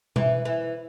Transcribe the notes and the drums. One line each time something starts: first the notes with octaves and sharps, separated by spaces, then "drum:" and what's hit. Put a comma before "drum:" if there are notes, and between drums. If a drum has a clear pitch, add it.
E3, drum: tom B2
E3